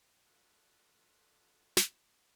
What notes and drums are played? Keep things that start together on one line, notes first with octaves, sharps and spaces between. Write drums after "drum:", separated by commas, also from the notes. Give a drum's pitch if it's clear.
B2 D3 A3 F4
drum: snare